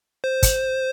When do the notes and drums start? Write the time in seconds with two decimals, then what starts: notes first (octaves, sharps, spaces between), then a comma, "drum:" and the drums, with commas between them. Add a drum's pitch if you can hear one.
0.24 C5
0.43 drum: kick, hi-hat